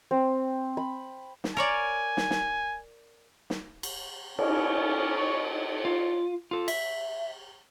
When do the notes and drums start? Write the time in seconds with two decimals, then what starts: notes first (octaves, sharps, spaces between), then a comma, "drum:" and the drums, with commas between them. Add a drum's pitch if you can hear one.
0.11 C4
0.77 B5
1.44 drum: snare
1.57 A#4 C#5 D5 G#5
2.17 drum: snare
2.30 drum: snare
3.50 drum: snare
3.83 drum: cymbal
4.39 C#4, drum: cymbal
5.17 C#5
5.85 F4
6.51 F4 A4
6.68 E5, drum: cymbal